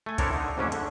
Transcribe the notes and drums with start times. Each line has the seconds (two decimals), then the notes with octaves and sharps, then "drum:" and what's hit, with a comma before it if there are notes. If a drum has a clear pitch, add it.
0.06 A3 G#5
0.18 C4 D4 E4 A4 A#4 C#5, drum: kick C2, hi-hat
0.34 D3 D#4
0.57 F2 G#2 A3 A#3 C#4 D4
0.72 D3, drum: hi-hat